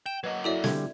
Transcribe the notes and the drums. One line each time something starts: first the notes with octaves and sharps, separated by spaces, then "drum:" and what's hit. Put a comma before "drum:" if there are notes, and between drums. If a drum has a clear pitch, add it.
G5 E7
F#3 A#3 B4 D#5 F#5
E4 F#4 A4 C#5 D5 E5
D3 G3 G#6, drum: snare